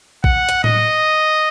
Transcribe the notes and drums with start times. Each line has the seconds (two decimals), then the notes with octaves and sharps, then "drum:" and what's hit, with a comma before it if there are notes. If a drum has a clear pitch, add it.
0.24 F#5, drum: kick A#1
0.49 drum: hi-hat
0.64 D#5, drum: tom A2